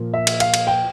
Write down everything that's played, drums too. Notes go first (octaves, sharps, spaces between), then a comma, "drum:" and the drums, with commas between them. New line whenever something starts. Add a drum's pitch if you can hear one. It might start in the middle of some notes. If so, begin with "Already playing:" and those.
Already playing: A#2 F3 A#3
E5
drum: cymbal
F5, drum: cymbal
drum: cymbal
G5